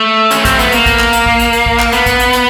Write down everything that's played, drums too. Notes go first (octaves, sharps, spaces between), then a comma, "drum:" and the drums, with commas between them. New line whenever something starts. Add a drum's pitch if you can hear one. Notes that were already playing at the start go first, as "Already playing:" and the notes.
Already playing: A3
C#4, drum: hi-hat
C4, drum: kick, hi-hat
B3, drum: hi-hat
A#3, drum: hi-hat
drum: kick, hi-hat
drum: clap
drum: hi-hat
drum: kick
drum: hi-hat
drum: hi-hat
drum: kick
drum: clap
B3, drum: hi-hat
drum: kick, hi-hat
drum: hi-hat
drum: hi-hat